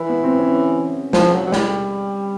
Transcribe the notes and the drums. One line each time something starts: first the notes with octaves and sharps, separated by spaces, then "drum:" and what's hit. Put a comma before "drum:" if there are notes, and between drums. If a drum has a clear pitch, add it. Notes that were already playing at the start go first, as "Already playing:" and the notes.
Already playing: E3
B3
C4
C#4
F3, drum: snare
F#3
F#3
G3, drum: snare